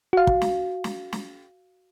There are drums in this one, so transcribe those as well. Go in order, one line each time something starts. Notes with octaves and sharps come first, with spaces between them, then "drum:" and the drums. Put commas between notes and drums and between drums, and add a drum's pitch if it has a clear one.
F#4 F5
drum: kick
drum: snare
drum: snare
drum: snare